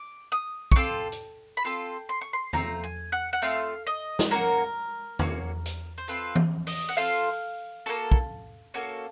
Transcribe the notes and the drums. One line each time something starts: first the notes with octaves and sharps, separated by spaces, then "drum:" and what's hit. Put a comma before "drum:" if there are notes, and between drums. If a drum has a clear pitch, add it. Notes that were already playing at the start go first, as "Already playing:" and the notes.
Already playing: D6
D#6
C#6, drum: kick
C4 F4 A4 D6
drum: hi-hat
B5
C4 F4 A4 C6
C6
C#6
C6
A3 C4 F4 A#5, drum: tom E2
G#5
F#5
F#5
A3 C4 F4 F5
D#5
drum: snare
A#3 C#4 F#4 A#4
A#3 C#4 F#4, drum: tom E2
drum: hi-hat
C5
C4 F4 A4 B4
drum: tom E3
D#5, drum: open hi-hat
F#5
C4 F4 A4 F5
A#3 C#4 F#4 A4
drum: kick
A#3 C#4 F#4 A4